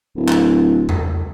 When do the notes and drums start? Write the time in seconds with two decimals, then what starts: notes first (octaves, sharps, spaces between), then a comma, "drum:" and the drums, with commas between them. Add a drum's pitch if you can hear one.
0.16 D1
0.28 drum: clap
0.89 drum: tom E2